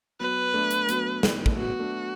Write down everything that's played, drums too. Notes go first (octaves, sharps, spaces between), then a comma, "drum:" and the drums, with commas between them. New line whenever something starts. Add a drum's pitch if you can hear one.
F#3 B3 B4
A3 D4
drum: hi-hat
F#3 B3, drum: hi-hat
drum: snare
A3, drum: kick
F#3 B3 F#4
A3 D4